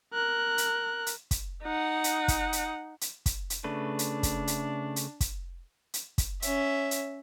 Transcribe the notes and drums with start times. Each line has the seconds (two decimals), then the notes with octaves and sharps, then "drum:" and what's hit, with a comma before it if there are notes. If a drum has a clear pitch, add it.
0.13 A#4 F#6
0.58 drum: hi-hat
1.07 drum: hi-hat
1.31 drum: kick, hi-hat
1.63 D#4 F#5
2.04 drum: hi-hat
2.28 drum: kick, hi-hat
2.53 drum: hi-hat
3.01 drum: hi-hat
3.26 drum: kick, hi-hat
3.50 drum: hi-hat
3.64 C#3 A3 D4 B4
3.99 drum: hi-hat
4.23 drum: kick, hi-hat
4.47 drum: hi-hat
4.96 drum: hi-hat
5.21 drum: kick, hi-hat
5.94 drum: hi-hat
6.18 drum: kick, hi-hat
6.42 C#4 E5, drum: hi-hat
6.91 drum: hi-hat